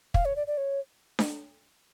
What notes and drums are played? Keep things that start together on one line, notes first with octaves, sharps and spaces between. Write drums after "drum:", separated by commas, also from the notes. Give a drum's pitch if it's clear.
F5, drum: kick
C#5
D5
D5
C#5
drum: snare D4